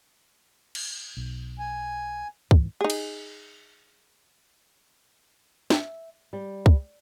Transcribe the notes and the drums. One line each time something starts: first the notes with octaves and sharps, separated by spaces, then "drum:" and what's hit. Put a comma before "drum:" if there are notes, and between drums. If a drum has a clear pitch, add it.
drum: cymbal
B1
G#5
G#2 E3, drum: kick
D#4 G#4
drum: cymbal
E5, drum: snare
G3
drum: kick